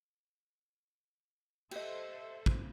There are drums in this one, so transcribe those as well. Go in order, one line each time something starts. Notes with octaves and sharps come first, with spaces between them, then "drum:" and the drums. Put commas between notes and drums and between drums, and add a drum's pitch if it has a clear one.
G4 A4 C5 D#5 E5, drum: cymbal
drum: kick